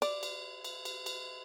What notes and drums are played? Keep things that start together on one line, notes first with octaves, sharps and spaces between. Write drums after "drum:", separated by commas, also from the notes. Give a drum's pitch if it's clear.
D5, drum: cymbal
drum: cymbal
drum: cymbal
drum: cymbal
drum: cymbal